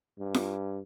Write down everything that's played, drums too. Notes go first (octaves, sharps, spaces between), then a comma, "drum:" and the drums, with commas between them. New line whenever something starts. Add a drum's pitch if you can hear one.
G2
drum: snare F4